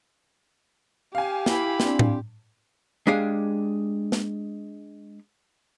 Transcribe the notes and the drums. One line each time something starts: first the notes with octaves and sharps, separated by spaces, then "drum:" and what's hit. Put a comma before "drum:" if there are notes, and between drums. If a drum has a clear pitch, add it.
G4 F5 G#5
E4 B5, drum: snare
C4 D4 D5, drum: snare
drum: tom A2
G#3 D4 G4 G#4 F5
drum: snare